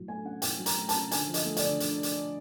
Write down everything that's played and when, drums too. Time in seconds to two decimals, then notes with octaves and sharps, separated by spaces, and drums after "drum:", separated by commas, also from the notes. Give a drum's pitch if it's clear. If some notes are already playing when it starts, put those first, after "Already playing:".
Already playing: A2 F#3
0.08 A3 G#5
0.25 C#4 F#5
0.42 A2 G5, drum: hi-hat
0.59 F#3
0.66 A#5, drum: hi-hat
0.77 A3
0.89 A5, drum: hi-hat
0.93 C#4
1.11 D3 G#5, drum: hi-hat
1.28 F3
1.34 D#5, drum: hi-hat
1.45 A3
1.57 D5, drum: hi-hat
1.63 D3
1.80 D3, drum: hi-hat
2.03 drum: hi-hat